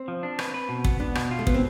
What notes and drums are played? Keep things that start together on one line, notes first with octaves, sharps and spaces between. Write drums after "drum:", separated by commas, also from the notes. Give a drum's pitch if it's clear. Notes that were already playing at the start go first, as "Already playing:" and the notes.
Already playing: C4
F3
D4
B4, drum: rim click
B4
B2
B3, drum: kick
B3 D4
B2, drum: rim click
F4
A3
B2 B3, drum: kick
C4